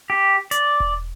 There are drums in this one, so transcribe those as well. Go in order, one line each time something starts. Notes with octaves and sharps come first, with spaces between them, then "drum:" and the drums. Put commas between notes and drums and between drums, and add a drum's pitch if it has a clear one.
G4
D5, drum: hi-hat
drum: kick E1